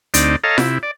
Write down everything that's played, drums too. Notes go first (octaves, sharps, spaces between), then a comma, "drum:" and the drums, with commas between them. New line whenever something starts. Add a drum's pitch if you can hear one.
D2 C4 D#4 D5, drum: hi-hat
A4 C#5 D#5 F5 A5 A#5
C3 E4, drum: snare F4
D5